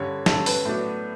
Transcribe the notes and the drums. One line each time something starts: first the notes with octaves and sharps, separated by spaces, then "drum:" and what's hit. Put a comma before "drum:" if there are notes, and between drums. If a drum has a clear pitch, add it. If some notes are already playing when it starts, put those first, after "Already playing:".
Already playing: G2 D3 G3 C#4 C#5
G2 D3 G3 C#4 A4, drum: snare
B4, drum: open hi-hat
A2 F#3 B3 D4